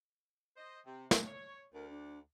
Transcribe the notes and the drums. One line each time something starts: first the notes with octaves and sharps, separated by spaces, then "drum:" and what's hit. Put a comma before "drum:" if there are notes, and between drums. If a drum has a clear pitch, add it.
C5 D#5
C3
C3 D4, drum: snare
C#5
D2 A#4
D4